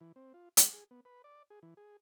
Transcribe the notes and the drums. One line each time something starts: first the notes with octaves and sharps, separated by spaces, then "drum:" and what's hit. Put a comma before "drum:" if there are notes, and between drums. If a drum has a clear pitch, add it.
E3
C4
F4
G#3, drum: hi-hat
G#4
B3
B4
D5
G#4
E3
G#4